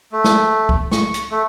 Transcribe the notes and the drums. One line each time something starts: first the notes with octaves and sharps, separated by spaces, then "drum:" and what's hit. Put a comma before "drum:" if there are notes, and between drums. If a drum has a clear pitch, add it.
A3
drum: snare
drum: kick C2
C#6, drum: snare
drum: hi-hat
A3